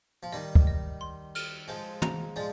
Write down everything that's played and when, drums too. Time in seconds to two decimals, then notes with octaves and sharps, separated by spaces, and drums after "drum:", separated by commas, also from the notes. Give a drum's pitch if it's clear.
0.23 F3
0.33 D#3 G3 D#5
0.55 drum: kick
0.67 D#5
1.01 C6
1.35 F6, drum: cymbal
1.68 F3 G#3 C5
2.02 A#5, drum: tom
2.36 F3 G#3 D5